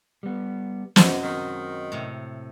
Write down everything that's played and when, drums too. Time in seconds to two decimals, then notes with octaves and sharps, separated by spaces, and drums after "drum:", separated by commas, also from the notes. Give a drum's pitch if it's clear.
0.23 G3 B3
0.96 F#2 C3 G#3 C4 F#4, drum: snare
1.23 D#3
1.92 A2 C3